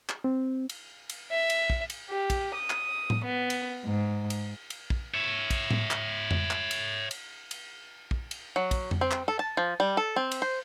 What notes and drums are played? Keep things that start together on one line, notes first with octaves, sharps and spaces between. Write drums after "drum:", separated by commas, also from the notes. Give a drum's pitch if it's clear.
drum: clap
C4
drum: cymbal
drum: cymbal
E5
drum: cymbal
drum: kick
drum: cymbal
G4
drum: kick, cymbal
D#6
drum: clap
drum: tom A2
B3
drum: cymbal
G#2
drum: cymbal
drum: cymbal
drum: kick
C#5 E5
drum: kick, cymbal
drum: tom A2
drum: clap
drum: tom F2
drum: clap
drum: cymbal
drum: cymbal
drum: cymbal
drum: kick
drum: cymbal
F#3
drum: kick, cymbal
drum: tom F2
C4
drum: clap
A4
A5
F3
G3
A4
C4
drum: cymbal
C5